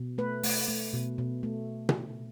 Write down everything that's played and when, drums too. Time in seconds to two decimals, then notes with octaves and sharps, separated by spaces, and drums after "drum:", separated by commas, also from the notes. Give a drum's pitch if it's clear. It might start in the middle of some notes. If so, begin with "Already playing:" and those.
Already playing: B2
0.18 A3 B4
0.43 A3, drum: open hi-hat
0.68 A3
0.93 B2
1.18 B2
1.43 A3
1.89 drum: tom B2